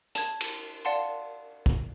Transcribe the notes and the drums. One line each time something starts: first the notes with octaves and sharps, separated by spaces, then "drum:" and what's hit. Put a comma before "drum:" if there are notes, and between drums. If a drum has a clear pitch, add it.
A5 G#6, drum: hi-hat
drum: cymbal
D5 F5 F#5 A5 C6
drum: kick